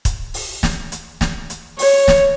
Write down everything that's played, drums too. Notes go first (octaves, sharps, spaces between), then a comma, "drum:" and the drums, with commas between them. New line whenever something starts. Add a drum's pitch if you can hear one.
drum: kick, hi-hat
drum: open hi-hat
drum: snare
drum: hi-hat
drum: snare
drum: hi-hat
C#5, drum: open hi-hat
drum: snare